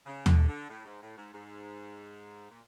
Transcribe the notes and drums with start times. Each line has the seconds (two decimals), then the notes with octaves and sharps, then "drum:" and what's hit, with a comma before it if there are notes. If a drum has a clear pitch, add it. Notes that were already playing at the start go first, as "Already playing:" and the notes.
0.06 C#3
0.26 D3, drum: tom D#2
0.48 D3
0.69 A2
0.85 G#2
1.01 A2
1.16 G#2
1.33 G#2
2.50 A#2